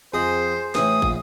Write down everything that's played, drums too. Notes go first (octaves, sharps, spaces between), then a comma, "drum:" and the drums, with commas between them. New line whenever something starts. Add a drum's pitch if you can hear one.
F2 G#4 C5 D#5
A2 E3 D#6, drum: snare
A#1, drum: kick